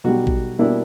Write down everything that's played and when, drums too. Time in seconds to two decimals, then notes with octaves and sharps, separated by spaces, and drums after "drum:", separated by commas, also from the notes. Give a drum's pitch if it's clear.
0.04 B1 B2 G3 F#4
0.27 drum: kick A1
0.59 B2 G3 A#3 D4 E4